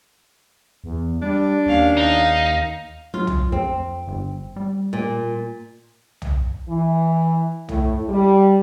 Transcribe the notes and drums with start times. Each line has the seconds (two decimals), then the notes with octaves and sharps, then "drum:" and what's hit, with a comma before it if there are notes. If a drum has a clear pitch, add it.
0.84 E2
1.22 G3 D4
1.66 D#2 C#4 F5
1.97 D#4 F5
3.14 F#3 F4
3.27 drum: tom
3.52 F2 C4
4.08 G1
4.56 G3
4.93 A#2
6.22 drum: tom
6.68 E3
7.69 A2, drum: tom
8.09 G3